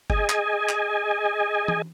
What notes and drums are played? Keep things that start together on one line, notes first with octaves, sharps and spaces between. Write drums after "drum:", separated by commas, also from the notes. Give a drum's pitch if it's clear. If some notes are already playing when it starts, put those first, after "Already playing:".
G#4 D#5 G#5, drum: kick F#1
drum: clap
drum: clap
drum: tom E3